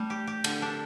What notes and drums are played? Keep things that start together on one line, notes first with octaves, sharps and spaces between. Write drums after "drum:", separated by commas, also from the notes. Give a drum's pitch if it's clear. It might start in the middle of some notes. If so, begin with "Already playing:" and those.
Already playing: G3 A3
G4
G4
D3, drum: cymbal
D4